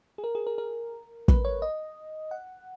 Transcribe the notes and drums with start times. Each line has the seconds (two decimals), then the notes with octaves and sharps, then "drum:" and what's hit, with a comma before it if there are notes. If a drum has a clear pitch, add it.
0.18 G#4
0.24 A#4
0.35 G#4
0.47 A#4
0.58 A#4
1.28 B4, drum: kick
1.45 C#5
1.62 D#5
2.31 F#5